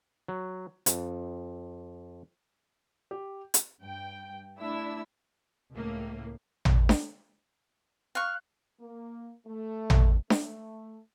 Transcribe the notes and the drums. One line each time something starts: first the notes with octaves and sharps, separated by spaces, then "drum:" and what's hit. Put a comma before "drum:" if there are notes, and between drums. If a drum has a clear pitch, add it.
F#3
F2, drum: hi-hat
G4
drum: hi-hat
G2 G5
A3 D4 E4 E6
C#2 A2 A#3
drum: tom
drum: snare D4
F5 C#6 F#6
A#3
A3
drum: tom
A3, drum: snare D4